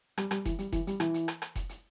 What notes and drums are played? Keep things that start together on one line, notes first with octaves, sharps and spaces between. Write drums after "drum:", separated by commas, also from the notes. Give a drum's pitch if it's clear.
G3, drum: rim click
G3, drum: rim click
E3, drum: kick F1, hi-hat
G3, drum: hi-hat
E3, drum: kick F1, hi-hat
G3, drum: hi-hat
E3, drum: rim click
drum: hi-hat
drum: rim click
drum: rim click
drum: kick F1, hi-hat
drum: hi-hat